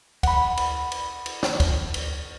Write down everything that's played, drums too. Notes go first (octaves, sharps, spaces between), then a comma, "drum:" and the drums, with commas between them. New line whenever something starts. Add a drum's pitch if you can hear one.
F#5 B5, drum: kick D2, cymbal
drum: cymbal
drum: cymbal
drum: cymbal
drum: snare
drum: kick D2, cymbal
drum: cymbal